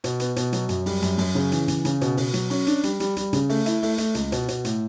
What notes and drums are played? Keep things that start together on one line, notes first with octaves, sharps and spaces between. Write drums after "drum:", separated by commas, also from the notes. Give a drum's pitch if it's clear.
B2, drum: hi-hat
B3, drum: hi-hat
B2, drum: hi-hat
F#3, drum: hi-hat
F#2, drum: hi-hat
G3, drum: open hi-hat
F#2, drum: hi-hat
F#2, drum: open hi-hat
C#3
E3, drum: hi-hat
C#3, drum: hi-hat
C#3, drum: hi-hat
B2, drum: hi-hat
B2, drum: open hi-hat
F#3, drum: hi-hat
C#4, drum: open hi-hat
D4, drum: hi-hat
G3, drum: hi-hat
G3, drum: hi-hat
G3, drum: hi-hat
C#3, drum: hi-hat
A3, drum: open hi-hat
E4, drum: hi-hat
A3, drum: open hi-hat
A3, drum: hi-hat
C#2, drum: hi-hat
B2, drum: hi-hat
B2, drum: hi-hat
A2, drum: hi-hat